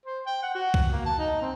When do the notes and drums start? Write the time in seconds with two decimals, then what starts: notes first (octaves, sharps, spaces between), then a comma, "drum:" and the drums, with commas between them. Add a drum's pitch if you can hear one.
0.06 C5
0.26 G5
0.43 F#5
0.55 F#4
0.74 drum: kick C2
0.92 A#3
1.05 A5
1.19 D#4
1.41 C4